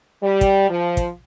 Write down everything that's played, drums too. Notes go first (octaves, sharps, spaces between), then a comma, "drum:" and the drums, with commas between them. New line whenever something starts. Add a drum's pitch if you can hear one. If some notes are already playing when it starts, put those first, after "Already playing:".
G3
drum: kick, hi-hat
F3
drum: kick, hi-hat